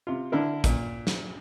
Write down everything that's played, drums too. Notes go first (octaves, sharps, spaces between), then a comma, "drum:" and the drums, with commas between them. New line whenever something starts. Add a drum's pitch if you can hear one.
C3 F4
D3 D4 E4 A#4
A#2, drum: kick, hi-hat
drum: snare